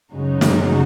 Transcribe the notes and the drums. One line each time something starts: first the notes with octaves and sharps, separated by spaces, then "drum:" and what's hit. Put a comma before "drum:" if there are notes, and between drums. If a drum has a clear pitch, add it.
F#2 C#3 G#3 D#4 F#4
drum: snare